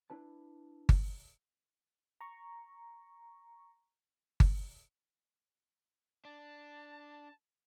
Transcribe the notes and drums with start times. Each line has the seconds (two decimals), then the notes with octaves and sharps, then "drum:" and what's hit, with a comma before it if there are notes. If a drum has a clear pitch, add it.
0.10 D4 E4 B4 A5
0.89 drum: kick G1
2.21 A#5 C#6
4.40 drum: kick G1
6.25 D4 A5